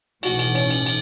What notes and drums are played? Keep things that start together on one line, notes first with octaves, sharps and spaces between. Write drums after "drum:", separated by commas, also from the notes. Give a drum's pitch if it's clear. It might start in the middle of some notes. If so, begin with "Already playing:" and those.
B1 A2 E3 F#4, drum: cymbal
drum: cymbal
C#4, drum: cymbal
drum: cymbal
drum: cymbal